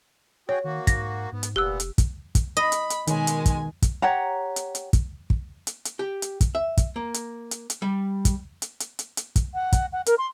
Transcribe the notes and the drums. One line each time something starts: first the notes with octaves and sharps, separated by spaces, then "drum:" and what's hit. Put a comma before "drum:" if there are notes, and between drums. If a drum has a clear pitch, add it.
F#4 G#4 C#5 G5
D#3 A#3 F#4
G#2 A#6, drum: kick, hi-hat
G#2 B3
drum: hi-hat
F1 A#2 B3 G4 E6 F#6 G7
drum: hi-hat
drum: kick, hi-hat
drum: kick, hi-hat
D#5 B5
drum: hi-hat
drum: hi-hat
B2 D#3 G#3 G#5, drum: hi-hat
drum: hi-hat
drum: kick, hi-hat
drum: kick, hi-hat
G4 C#5 F#5 A#5
drum: hi-hat
drum: hi-hat
drum: kick, hi-hat
drum: kick
drum: hi-hat
drum: hi-hat
G4
drum: hi-hat
drum: kick, hi-hat
E5
drum: kick, hi-hat
A#3
drum: hi-hat
drum: hi-hat
drum: hi-hat
G3
drum: kick, hi-hat
drum: hi-hat
drum: hi-hat
drum: hi-hat
drum: hi-hat
drum: kick, hi-hat
F#5
drum: kick, hi-hat
F#5
A#4, drum: hi-hat
C6